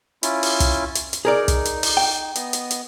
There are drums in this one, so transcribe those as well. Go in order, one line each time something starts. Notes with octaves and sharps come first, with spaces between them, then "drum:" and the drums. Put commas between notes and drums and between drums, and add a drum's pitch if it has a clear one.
C#4 E4 F4, drum: hi-hat
drum: open hi-hat
drum: kick, hi-hat
drum: hi-hat
drum: hi-hat
D#4 G#4 A#4 D5
drum: kick, hi-hat
drum: hi-hat
drum: open hi-hat
G5
B3 D#5, drum: hi-hat
drum: hi-hat
drum: hi-hat